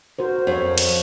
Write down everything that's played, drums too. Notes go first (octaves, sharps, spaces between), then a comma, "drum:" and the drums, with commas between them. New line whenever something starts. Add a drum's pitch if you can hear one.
F#4 A#4 C5
F2 C#5
drum: cymbal